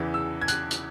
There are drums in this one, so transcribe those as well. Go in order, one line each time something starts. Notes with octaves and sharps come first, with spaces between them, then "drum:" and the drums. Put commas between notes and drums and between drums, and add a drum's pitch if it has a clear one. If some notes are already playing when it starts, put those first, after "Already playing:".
Already playing: E2 C#3 E3
E6
G#6
F#6, drum: hi-hat
drum: hi-hat